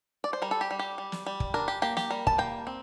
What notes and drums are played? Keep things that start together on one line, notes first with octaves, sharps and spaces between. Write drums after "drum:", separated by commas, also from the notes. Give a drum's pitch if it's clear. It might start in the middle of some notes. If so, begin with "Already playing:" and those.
D5
C5
G3 A#4
A4
G4
G3
G4
G3
drum: snare
G3
drum: kick
D4 A#4
G4
A#3 G4
G4, drum: snare
G3 A#4
A5, drum: kick
A#3 G5
C4